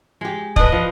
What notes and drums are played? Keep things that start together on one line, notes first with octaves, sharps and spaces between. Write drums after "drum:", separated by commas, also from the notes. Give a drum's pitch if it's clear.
G#3 G4
D4 B4 D#5, drum: kick
F3